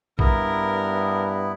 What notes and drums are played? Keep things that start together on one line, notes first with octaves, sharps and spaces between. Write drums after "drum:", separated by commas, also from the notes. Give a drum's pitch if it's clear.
G2 B3 E4 A#4, drum: kick